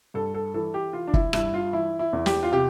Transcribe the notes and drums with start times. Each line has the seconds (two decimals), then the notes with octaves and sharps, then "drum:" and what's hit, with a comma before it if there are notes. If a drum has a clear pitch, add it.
0.14 G2 A4
0.34 A4
0.54 E3 A4
0.74 G4
0.93 E3 F4
1.07 D4
1.14 E4, drum: kick
1.33 G2 E4, drum: rim click
1.54 F4
1.73 E3 E4
1.99 E4
2.13 E2
2.26 G4, drum: snare
2.43 F4
2.52 C3 G4